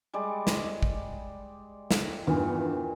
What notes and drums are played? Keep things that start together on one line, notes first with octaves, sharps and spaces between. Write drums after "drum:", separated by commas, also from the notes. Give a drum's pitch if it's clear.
G3 G#3 D5
drum: snare
drum: kick
drum: snare
E2 G2 A#2 D#3 E3